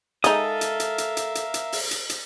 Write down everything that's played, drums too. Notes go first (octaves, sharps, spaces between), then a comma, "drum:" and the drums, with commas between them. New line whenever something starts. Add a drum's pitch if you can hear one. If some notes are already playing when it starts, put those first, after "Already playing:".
G#3 D#4 A4 A#4 E5 F5 D#6, drum: hi-hat
drum: hi-hat
drum: hi-hat
drum: hi-hat
drum: hi-hat
drum: hi-hat
drum: hi-hat
drum: open hi-hat
drum: hi-hat
drum: hi-hat